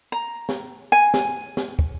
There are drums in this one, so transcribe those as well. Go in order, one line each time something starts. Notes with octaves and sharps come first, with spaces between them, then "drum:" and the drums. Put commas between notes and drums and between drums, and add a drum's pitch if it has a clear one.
A#5
drum: snare
G#5
drum: snare
drum: snare
drum: kick